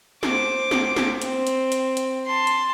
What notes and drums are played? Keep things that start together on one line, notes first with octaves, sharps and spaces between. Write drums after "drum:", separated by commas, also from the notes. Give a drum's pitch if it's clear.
C5 D6, drum: snare
drum: snare
drum: snare
C4, drum: hi-hat
drum: hi-hat
drum: hi-hat
drum: hi-hat
A5 C6
drum: hi-hat